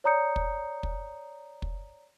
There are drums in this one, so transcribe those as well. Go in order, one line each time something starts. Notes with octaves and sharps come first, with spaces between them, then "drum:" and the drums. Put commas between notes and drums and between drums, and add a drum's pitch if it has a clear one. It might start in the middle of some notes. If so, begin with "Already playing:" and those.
C#5 D5 A#5 D#6 G6 C#7
drum: kick
drum: kick
drum: kick